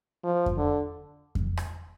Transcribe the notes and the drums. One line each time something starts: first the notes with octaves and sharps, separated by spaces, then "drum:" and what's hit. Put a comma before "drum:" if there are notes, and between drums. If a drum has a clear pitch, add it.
F3
drum: kick F2
D3
drum: kick F2
drum: rim click